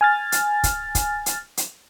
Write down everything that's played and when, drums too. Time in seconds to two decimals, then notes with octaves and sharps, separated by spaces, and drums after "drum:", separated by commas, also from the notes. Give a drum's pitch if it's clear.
0.01 G#5 F6 A6
0.32 drum: hi-hat
0.63 drum: kick, hi-hat
0.95 drum: kick, hi-hat
1.26 drum: hi-hat
1.57 drum: hi-hat